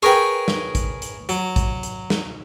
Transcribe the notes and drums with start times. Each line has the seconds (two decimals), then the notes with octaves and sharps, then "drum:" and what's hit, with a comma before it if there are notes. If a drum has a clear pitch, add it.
0.03 G#4 A#4 B4 C#5 G5
0.48 drum: snare
0.75 drum: kick, hi-hat
1.02 drum: hi-hat
1.29 F#3, drum: hi-hat
1.56 drum: kick, hi-hat
1.83 drum: hi-hat
2.10 drum: snare